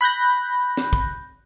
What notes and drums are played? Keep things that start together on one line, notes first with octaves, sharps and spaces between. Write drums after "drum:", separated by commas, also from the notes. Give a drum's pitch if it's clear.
B5 F#6 G6 A#6
drum: snare
drum: kick